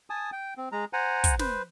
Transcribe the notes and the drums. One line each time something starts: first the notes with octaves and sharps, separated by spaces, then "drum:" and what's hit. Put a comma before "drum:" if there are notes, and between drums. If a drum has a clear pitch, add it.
G#5 A5 D#6
G5
C4
G#3 A#5
C5 F#5 G#5 A#5
drum: kick, hi-hat
B4 C5, drum: snare